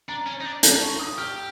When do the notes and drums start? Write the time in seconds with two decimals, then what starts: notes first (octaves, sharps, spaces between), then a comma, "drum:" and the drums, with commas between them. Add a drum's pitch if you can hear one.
0.09 D4 A#5
0.26 C#4
0.41 D#4
0.45 D4
0.63 A5, drum: hi-hat
0.82 C#6
0.99 D#6
1.18 G4 F6